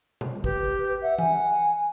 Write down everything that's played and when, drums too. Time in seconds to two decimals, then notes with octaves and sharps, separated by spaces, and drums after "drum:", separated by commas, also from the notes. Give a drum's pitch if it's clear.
0.21 drum: tom B2
0.44 G4 B4, drum: kick
1.02 E5 F#5
1.18 G#5, drum: tom E3